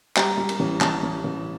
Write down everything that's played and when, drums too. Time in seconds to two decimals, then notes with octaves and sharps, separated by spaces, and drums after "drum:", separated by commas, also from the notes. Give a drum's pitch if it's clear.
0.16 G3 A#5, drum: clap
0.38 G3
0.49 drum: cymbal
0.60 A1
0.81 A1 A5, drum: clap
1.03 A1
1.24 A1